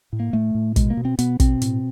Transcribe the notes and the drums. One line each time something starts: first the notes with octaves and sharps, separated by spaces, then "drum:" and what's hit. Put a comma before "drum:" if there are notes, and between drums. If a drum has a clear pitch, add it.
A2
A#3
A2 A3
A2
B2 G#3, drum: kick, hi-hat
A#3
B2
C4
B2 B3, drum: hi-hat
B2 C4, drum: kick, hi-hat
A2, drum: hi-hat